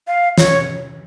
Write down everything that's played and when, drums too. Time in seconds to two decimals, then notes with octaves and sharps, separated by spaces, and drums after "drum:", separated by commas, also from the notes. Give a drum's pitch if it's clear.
0.07 F5
0.38 C#5, drum: snare